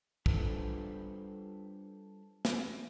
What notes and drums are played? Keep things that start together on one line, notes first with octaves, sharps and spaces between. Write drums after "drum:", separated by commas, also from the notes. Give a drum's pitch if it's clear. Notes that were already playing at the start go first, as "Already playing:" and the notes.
G3 D4 F4 A4 B4 C5, drum: kick
drum: snare